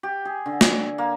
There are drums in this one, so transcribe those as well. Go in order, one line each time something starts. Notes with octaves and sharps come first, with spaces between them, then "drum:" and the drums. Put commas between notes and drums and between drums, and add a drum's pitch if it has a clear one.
G4
G#4
D3
drum: snare
A#3